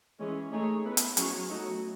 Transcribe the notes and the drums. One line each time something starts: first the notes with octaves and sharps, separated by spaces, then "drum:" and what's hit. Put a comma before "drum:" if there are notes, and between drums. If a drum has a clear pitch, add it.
E3 G#3 C#4 G#4
A3 D#4 G#4 C#5
B3 E4 B4
drum: hi-hat
F#3 C#4 G#4 C#5, drum: hi-hat
F#3 A3 D#4 F#4